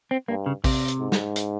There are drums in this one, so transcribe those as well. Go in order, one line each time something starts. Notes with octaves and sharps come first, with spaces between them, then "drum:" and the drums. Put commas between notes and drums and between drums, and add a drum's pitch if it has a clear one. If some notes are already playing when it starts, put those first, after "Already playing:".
C4
G2 A#3
C#3
C3, drum: kick, open hi-hat
drum: hi-hat
G#2
drum: snare
drum: hi-hat